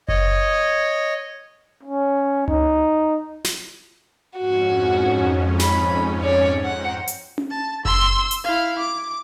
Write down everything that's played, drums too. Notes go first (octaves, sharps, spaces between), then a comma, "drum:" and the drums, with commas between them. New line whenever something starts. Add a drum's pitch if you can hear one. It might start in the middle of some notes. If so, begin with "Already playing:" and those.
C#5 D#5, drum: kick F#1
C#4
D#4, drum: tom C#2
drum: snare
F2 G#2 C#4 F#4
B5, drum: snare
C#5 D5
C5 F#5 G5 A#5
drum: hi-hat
drum: tom C#4
A5
C6 E6, drum: kick F#1
drum: hi-hat
E4 F5
D6